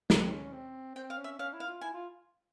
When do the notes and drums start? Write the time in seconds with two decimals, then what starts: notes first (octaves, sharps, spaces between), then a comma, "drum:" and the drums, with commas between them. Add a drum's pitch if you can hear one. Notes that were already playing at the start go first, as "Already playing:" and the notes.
0.10 C4, drum: snare
0.22 C4
0.32 C#4
0.53 C4
0.95 C4 G5
1.10 F5
1.18 C#4
1.24 E5
1.38 C#4 F5
1.53 E4
1.60 F5
1.67 F4
1.81 E4 G#5
1.93 F4